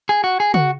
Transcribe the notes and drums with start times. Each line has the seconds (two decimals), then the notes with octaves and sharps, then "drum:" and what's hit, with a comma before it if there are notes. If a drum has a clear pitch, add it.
0.09 G#4
0.24 F#4
0.40 G#4
0.54 F#4, drum: tom C#3